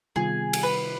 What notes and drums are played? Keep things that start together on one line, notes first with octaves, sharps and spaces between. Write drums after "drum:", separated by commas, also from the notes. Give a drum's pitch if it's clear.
C3 D#3 G3 B3 F4 G#4
drum: cymbal
B4